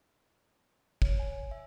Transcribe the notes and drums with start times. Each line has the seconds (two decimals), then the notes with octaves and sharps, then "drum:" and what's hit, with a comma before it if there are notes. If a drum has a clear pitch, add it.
1.02 C#5, drum: kick
1.19 G#5
1.51 E5